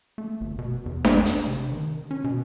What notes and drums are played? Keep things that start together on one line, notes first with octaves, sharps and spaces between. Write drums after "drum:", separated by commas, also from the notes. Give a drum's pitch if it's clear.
A3
G1
B2
E2
G#1, drum: snare D4
D4, drum: hi-hat
C3
D#3
C#4
B2